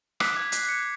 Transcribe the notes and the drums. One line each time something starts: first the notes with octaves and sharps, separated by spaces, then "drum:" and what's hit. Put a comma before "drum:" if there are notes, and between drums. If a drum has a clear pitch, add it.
D6 F#6 B6, drum: rim click
G#6
C7, drum: hi-hat
C#7